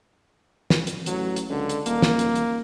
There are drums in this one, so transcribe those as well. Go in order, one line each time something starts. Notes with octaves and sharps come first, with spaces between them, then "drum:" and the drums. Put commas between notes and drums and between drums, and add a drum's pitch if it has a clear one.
drum: snare
drum: hi-hat
A1 F#3, drum: hi-hat
drum: hi-hat
C#2 D3
drum: hi-hat
D#1 A#3, drum: hi-hat
drum: snare
drum: hi-hat
drum: hi-hat